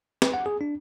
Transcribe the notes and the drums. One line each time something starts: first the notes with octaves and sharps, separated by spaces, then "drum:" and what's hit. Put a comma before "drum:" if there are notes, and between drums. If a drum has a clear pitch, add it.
B4, drum: snare
F#5
G#4
D4